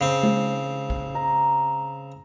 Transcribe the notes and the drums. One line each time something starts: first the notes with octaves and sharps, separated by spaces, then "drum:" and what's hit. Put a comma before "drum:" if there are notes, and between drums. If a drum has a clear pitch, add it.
C#3 C4
drum: tom G#3
drum: kick
A#5